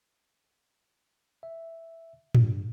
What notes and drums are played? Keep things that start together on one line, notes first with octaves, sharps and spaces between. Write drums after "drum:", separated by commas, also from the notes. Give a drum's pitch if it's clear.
E5
G2, drum: tom A2